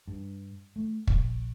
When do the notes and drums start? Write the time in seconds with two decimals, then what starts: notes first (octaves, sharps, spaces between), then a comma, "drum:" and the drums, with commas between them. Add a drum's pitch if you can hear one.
0.08 G2
0.76 A3
1.07 A#1, drum: kick